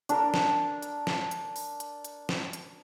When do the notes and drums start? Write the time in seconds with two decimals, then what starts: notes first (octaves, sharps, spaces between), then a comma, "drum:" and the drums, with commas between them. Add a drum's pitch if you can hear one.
0.09 D4 A#4, drum: hi-hat
0.34 drum: snare
0.83 drum: hi-hat
1.07 drum: snare
1.31 drum: hi-hat
1.56 drum: open hi-hat
1.80 drum: hi-hat
2.05 drum: hi-hat
2.29 drum: snare
2.53 drum: hi-hat